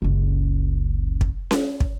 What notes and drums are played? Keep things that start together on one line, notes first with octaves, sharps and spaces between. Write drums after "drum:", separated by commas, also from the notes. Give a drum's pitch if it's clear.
F#1 C#2
drum: kick
drum: snare C#4
drum: kick